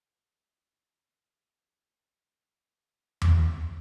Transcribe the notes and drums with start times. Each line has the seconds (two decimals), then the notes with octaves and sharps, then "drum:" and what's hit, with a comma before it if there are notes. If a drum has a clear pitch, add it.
0.20 G2 F3 C#4 D#4 G#4 C#6
1.07 D#3 G#3 A3 D4 A4
2.78 E5 B5 D6 F#6 D7 D#7
3.22 drum: tom E2